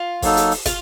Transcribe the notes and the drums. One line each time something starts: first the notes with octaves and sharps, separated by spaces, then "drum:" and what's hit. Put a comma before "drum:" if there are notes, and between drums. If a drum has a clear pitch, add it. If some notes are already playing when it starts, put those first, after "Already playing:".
Already playing: F4
F#3 A#3 D#4 A4, drum: kick, open hi-hat
drum: hi-hat
drum: open hi-hat
F4, drum: kick, hi-hat